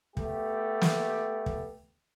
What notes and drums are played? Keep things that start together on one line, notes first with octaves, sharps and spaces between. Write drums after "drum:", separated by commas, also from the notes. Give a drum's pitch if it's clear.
A3 B3 G4, drum: kick
drum: snare
drum: kick